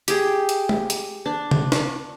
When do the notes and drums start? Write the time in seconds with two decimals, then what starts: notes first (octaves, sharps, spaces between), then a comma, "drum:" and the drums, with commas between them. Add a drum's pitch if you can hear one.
0.08 G4 G#4, drum: hi-hat
0.49 drum: hi-hat
0.69 drum: tom
0.90 drum: hi-hat
1.26 D4
1.51 drum: tom C#3
1.72 drum: snare